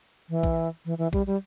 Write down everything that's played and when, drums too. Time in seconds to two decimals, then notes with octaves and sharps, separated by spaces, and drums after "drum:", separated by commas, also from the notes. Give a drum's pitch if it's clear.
0.29 E3
0.43 drum: kick
0.85 E3
0.98 E3
1.13 G3, drum: kick
1.27 G3